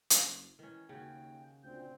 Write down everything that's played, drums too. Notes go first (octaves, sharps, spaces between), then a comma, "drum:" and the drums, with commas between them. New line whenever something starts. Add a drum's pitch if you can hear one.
F#1, drum: hi-hat
D#3 E3 C#4
D#2 C#3 F#4 G5
D2 A#2 C4 G6